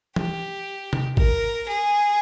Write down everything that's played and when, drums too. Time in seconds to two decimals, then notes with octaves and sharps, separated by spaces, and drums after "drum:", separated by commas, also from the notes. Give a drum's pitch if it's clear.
0.16 G4, drum: tom E3
0.93 drum: tom
1.17 A#4, drum: kick G#1
1.68 G#4